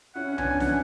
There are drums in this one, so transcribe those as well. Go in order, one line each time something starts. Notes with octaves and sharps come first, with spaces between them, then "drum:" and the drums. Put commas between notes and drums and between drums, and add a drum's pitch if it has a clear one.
C#4 E4 F#5
C#4
B3 D4 G#5, drum: tom C2
G#5
C#4 E4 F#5, drum: snare